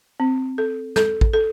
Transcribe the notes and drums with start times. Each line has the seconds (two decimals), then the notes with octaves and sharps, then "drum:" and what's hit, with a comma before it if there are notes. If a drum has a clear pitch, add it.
0.20 C4
0.58 A4
0.96 A4, drum: snare
1.21 drum: kick
1.34 A4